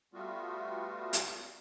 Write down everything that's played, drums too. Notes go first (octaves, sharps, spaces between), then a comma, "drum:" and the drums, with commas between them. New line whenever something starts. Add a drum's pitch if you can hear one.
G3 A3 B3 F4 F#4
drum: hi-hat